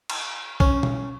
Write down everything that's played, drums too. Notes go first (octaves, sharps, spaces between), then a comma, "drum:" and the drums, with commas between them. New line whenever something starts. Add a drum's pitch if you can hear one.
drum: cymbal
C#4, drum: kick
drum: tom B2